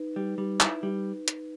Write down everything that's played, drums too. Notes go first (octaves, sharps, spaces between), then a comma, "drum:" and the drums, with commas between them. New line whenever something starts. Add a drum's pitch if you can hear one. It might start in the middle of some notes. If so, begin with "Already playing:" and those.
Already playing: D#4 B4
G3
G3
E4, drum: clap
G3
drum: hi-hat